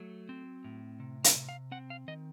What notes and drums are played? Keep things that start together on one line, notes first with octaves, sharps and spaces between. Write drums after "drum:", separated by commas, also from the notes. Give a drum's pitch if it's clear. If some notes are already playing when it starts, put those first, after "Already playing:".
Already playing: F#3 A3
C4
A2
C3
F5, drum: hi-hat
C3
F5
C4 F#5
F5
D#3 D#5